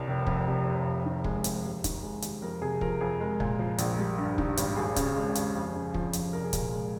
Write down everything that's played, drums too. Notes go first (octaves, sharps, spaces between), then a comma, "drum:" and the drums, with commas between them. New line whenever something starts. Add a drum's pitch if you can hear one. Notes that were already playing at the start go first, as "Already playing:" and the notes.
Already playing: C2 A#4 C#5
F1
F2, drum: kick
C3
F1
F2
D#3
G#3, drum: kick
F2, drum: hi-hat
D#2
D#3, drum: kick, hi-hat
G#3
D#2, drum: hi-hat
F2 A#4
C3 G#4
F3 A#4, drum: kick
F2 G#4
G#3 A#4
A#2, drum: kick
F3
A#1, drum: hi-hat
G3
G2
D#3, drum: kick
G#1, drum: hi-hat
D#2 G#4
C#3, drum: kick, hi-hat
G#3
D#2, drum: hi-hat
F2
C#3
F3, drum: kick
F2, drum: hi-hat
C2 A#4
G#4
A#2 A#4, drum: kick, hi-hat
G#3